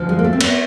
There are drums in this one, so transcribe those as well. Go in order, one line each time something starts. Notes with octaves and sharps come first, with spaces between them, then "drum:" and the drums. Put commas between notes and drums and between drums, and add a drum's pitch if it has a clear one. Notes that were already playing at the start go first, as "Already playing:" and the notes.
Already playing: D2 D3 F3
G#3
A#3
A3
C4
B3, drum: cymbal